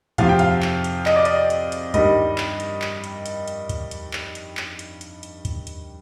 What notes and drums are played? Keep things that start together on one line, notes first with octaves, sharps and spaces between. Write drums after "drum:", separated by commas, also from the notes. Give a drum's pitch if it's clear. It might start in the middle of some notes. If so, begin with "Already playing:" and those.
F2 C3 F3 F5, drum: kick, hi-hat
G5
F5, drum: hi-hat
drum: clap
drum: hi-hat
D#5, drum: clap
D5
D#5, drum: hi-hat
drum: hi-hat
drum: hi-hat
G2 D#3 G3 D#5, drum: kick, hi-hat
drum: clap
drum: hi-hat
drum: clap
drum: hi-hat
drum: hi-hat
drum: hi-hat
drum: kick, hi-hat
drum: hi-hat
drum: clap
drum: hi-hat
drum: clap
drum: hi-hat
drum: hi-hat
drum: hi-hat
drum: kick, hi-hat
drum: hi-hat